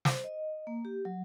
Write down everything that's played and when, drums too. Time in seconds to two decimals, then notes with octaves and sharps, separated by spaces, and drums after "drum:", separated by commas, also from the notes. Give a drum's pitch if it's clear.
0.05 C5, drum: snare
0.24 D#5
0.67 A#3
0.85 G4
1.05 F#3